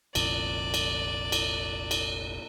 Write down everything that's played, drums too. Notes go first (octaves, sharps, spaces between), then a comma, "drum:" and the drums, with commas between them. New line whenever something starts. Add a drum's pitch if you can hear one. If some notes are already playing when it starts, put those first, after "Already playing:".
F1 A#1 F2 D5, drum: cymbal
drum: cymbal
drum: cymbal
drum: cymbal